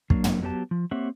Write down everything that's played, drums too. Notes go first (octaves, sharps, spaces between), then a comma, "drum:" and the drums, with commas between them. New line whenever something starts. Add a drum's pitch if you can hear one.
F#3 A#3 D4, drum: kick
drum: tom
F#3 B3 G4 A#4 A5
F3
A#3 C4 G4 C#5 E5 F#5